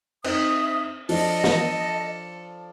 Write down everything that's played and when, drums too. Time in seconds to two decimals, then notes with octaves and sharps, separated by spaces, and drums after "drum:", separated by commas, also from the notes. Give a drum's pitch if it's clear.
0.24 C4 D#4 E5 D#6, drum: cymbal
1.09 F3 D4 A4 D#5, drum: open hi-hat
1.44 drum: snare